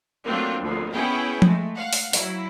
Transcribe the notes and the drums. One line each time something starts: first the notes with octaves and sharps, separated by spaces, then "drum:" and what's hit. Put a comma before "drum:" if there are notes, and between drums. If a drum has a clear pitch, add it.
F#3 A3 A#3 C4 D4 F4
D2 F3
B3 C#4 E4 G#4 G5
G#3 A3, drum: tom F3
F5 F#5
drum: open hi-hat
F#3 E4, drum: open hi-hat